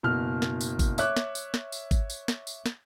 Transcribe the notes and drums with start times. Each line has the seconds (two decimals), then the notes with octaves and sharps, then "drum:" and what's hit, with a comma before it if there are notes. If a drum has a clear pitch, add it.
0.03 F#1 B2 F6
0.42 drum: snare
0.61 drum: tambourine
0.79 drum: kick, tambourine
0.98 C#5 E5 D6 F#6, drum: tambourine
1.17 drum: snare
1.35 drum: tambourine
1.54 drum: snare
1.72 drum: tambourine
1.91 drum: kick, tambourine
2.10 drum: tambourine
2.28 drum: snare
2.47 drum: tambourine
2.66 drum: snare